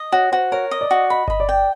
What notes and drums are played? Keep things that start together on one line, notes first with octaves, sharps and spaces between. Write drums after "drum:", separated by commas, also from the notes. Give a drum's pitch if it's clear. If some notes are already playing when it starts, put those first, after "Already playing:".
Already playing: D#5
F#4 C#5
F#4 C5
A#4 C#5
D#5
D5
F#4
D#5 B5
D#5 B5, drum: kick G1
D5
G5